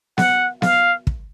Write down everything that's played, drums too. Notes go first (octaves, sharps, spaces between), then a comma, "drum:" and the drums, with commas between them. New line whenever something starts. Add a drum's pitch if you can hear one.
F#5, drum: snare B3
F5, drum: snare B3
drum: kick